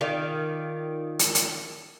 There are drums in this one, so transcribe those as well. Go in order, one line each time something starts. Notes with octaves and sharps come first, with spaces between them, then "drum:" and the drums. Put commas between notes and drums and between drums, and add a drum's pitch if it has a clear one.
D#3 F4 D5 F5
drum: hi-hat
drum: hi-hat